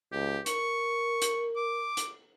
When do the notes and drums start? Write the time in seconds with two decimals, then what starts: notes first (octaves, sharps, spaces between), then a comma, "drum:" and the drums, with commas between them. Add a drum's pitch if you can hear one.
0.12 C#2 G4
0.46 A#4 C#6, drum: hi-hat
1.22 drum: hi-hat
1.56 D6
1.97 drum: hi-hat